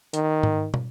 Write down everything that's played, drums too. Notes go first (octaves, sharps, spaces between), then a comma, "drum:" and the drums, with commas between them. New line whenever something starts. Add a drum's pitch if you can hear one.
D#3, drum: hi-hat
drum: tom G#2
drum: tom